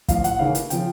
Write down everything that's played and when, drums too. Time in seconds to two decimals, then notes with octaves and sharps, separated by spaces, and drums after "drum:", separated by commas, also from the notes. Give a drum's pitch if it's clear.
0.08 A1 A2 F3 F5, drum: kick, hi-hat
0.24 F#5, drum: hi-hat
0.39 D#2 C#3 E3 F5
0.55 drum: hi-hat
0.70 C#3 F3 G5, drum: hi-hat